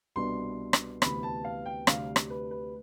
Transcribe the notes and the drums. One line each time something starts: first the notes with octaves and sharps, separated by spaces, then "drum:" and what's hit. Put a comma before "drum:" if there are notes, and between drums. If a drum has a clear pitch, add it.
C2 B2 B3 D4 C6
drum: rim click
D2 C3 E3 B3 B5, drum: rim click
A5
F5
G5
D2 C3 G3 D4 F5, drum: rim click
drum: rim click
B4
B4